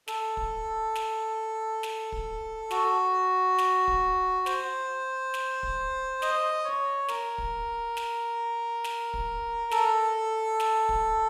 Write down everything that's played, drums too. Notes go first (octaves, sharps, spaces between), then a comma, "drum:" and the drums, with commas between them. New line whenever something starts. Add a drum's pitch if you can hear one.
A4, drum: snare
drum: kick
drum: snare
drum: snare
drum: kick
F#4, drum: snare
drum: snare
drum: kick
C5, drum: snare
drum: snare
drum: kick
D#5, drum: snare
C#5
A#4, drum: snare
drum: kick
drum: snare
drum: snare
drum: kick
A4, drum: snare
drum: snare
drum: kick